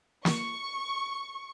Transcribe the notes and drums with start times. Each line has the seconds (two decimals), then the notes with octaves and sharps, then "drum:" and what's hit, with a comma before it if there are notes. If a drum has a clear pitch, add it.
0.25 C#6, drum: snare